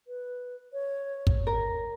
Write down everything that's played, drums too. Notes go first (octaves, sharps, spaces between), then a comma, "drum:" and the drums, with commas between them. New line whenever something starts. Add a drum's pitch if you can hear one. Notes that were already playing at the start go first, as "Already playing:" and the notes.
B4
C#5
drum: kick
A#4